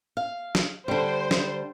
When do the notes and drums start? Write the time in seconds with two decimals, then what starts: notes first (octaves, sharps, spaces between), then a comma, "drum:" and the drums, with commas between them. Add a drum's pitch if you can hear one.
0.17 F5
0.55 drum: snare
0.88 D3 G3 C5
1.31 drum: snare